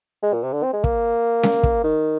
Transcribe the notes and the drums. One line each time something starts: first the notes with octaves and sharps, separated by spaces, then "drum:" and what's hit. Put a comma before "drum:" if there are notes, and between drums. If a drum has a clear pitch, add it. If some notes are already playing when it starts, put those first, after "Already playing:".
G#3
A#2
C3
D3
C4
G#3
A#3, drum: kick
drum: snare C#4
drum: kick
D#3